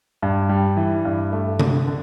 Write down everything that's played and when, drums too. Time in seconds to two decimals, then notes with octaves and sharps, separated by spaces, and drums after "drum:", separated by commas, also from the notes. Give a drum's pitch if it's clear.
0.22 G2
0.49 G3
0.77 E3
1.05 G2
1.32 A3
1.60 D3, drum: tom C3
1.87 D3